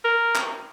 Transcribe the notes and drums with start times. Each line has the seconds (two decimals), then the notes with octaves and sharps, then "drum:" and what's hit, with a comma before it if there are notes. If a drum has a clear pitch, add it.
0.05 A#4
0.35 drum: clap